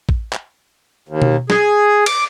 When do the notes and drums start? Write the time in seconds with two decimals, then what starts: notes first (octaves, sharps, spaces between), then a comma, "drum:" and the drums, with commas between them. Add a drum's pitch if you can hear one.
0.09 drum: kick A1
0.33 drum: clap
1.09 D#2
1.22 drum: tom B2
1.50 G#4, drum: snare
2.06 D6, drum: cymbal